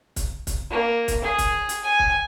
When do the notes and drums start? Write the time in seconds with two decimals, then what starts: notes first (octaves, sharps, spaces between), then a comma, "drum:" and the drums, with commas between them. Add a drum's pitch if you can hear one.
0.16 drum: kick, hi-hat
0.47 drum: kick, hi-hat
0.71 A#3
1.08 drum: kick, hi-hat
1.24 G#4
1.38 drum: kick, hi-hat
1.69 drum: hi-hat
1.84 G#5
1.99 drum: kick